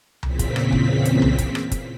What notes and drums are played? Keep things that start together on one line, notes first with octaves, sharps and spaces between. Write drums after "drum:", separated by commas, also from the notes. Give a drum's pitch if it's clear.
E2 A#2 C#3 C4 B6, drum: tom C2
drum: kick, hi-hat
drum: rim click
drum: kick
drum: hi-hat
drum: tom C2
drum: kick, hi-hat
drum: rim click
drum: kick, hi-hat